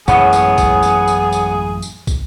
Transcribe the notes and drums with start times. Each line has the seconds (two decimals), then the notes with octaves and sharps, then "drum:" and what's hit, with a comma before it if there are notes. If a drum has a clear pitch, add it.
0.08 A1 F#2 A2 G#3 B3 C#4 G#4 F#5, drum: tambourine
0.33 drum: tambourine
0.58 drum: kick, tambourine
0.83 drum: tambourine
1.08 drum: tambourine
1.32 drum: tambourine
1.82 drum: tambourine
2.07 drum: kick, tambourine